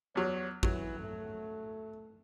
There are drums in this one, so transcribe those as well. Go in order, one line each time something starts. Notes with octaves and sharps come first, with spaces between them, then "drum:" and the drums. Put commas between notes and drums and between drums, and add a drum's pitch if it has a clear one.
E2 F#3 C#5
E3 F#3, drum: kick A1
A3